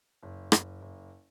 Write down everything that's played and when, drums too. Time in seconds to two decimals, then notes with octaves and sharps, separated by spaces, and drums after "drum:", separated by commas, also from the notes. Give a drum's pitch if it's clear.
0.23 F#1
0.52 F#1, drum: rim click
0.82 F#1